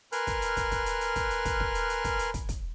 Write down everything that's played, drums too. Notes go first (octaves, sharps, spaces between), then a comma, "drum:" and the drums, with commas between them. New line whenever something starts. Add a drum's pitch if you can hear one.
A#4 B4 G#5 C6 F6 F#6, drum: hi-hat
drum: kick, hi-hat
drum: hi-hat
drum: kick, hi-hat
drum: kick, hi-hat
drum: hi-hat
drum: hi-hat
drum: kick, hi-hat
drum: hi-hat
drum: kick, hi-hat
drum: kick
drum: hi-hat
drum: hi-hat
drum: kick, hi-hat
drum: hi-hat
drum: kick, hi-hat
drum: kick, hi-hat